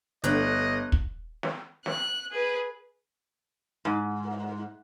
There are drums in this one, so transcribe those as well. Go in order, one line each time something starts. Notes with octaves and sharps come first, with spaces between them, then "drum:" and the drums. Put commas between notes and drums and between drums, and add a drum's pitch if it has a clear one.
G1 D3 D#5 F#6, drum: hi-hat
drum: kick
drum: snare
F#6, drum: snare
G#4 B4
G#2